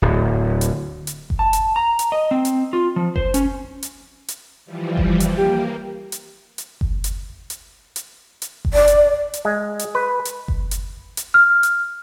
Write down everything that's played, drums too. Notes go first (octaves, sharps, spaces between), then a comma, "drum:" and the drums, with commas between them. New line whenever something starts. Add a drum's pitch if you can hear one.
D1
drum: hi-hat
drum: hi-hat
drum: kick F#1
A5
drum: hi-hat
A#5
drum: hi-hat
D#5
C4
drum: hi-hat
F4
F3
C5, drum: kick F#1
C#4, drum: hi-hat
drum: hi-hat
drum: hi-hat
E3 F3 G3
drum: kick F#1
drum: hi-hat
A#3 G4
drum: hi-hat
drum: hi-hat
drum: kick F#1
drum: hi-hat
drum: hi-hat
drum: hi-hat
drum: hi-hat
drum: kick F#1
D5
drum: hi-hat
drum: hi-hat
G#3
drum: hi-hat
B4
drum: hi-hat
drum: kick F#1
drum: hi-hat
drum: hi-hat
F6
drum: hi-hat